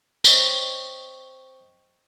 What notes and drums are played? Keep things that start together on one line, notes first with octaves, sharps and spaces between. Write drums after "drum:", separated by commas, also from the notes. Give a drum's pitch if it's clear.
C4 C#5 D#5, drum: tambourine